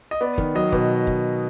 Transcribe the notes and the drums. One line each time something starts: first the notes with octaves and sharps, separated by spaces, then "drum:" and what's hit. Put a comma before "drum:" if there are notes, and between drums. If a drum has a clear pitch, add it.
D#5
B3 D5
D#3, drum: kick
F#3 D#5
B2, drum: kick
drum: kick